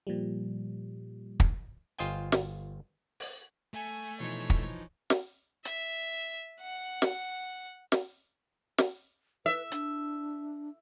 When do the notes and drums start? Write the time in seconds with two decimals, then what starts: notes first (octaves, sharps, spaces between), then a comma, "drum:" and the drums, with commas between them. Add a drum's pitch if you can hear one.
0.07 A#2 F3 G3
1.40 drum: kick
1.99 G1 F4 C5 D#5 G5 G#5
2.32 drum: snare
3.20 drum: open hi-hat
3.74 A3 G#5
4.20 B2 E3 F3 D#4 C#5 C7
4.50 drum: kick
5.10 drum: snare
5.65 E5, drum: hi-hat
6.61 F#5
7.02 drum: snare
7.92 drum: snare
8.78 drum: snare
9.46 B4 E5
9.72 D4, drum: hi-hat